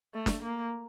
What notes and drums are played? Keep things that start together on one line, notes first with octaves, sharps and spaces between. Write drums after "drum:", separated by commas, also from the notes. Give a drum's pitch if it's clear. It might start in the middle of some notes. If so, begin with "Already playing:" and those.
A3
drum: snare
A#3